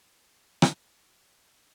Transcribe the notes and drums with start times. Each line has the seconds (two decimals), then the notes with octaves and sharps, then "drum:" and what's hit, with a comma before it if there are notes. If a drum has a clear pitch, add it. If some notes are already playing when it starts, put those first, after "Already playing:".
0.10 E5
0.27 D#5
0.62 drum: rim click
0.97 D#5
1.15 E5
1.32 E5
1.44 F5
1.55 D#5